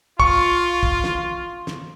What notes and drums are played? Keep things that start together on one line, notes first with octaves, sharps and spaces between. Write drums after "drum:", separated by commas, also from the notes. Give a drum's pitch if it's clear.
F4 C#6, drum: kick
drum: kick
drum: snare
drum: snare